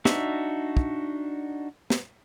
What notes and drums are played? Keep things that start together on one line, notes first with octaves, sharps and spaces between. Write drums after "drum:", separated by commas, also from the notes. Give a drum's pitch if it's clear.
D4 D#4 F#4 E5, drum: snare
drum: kick
drum: snare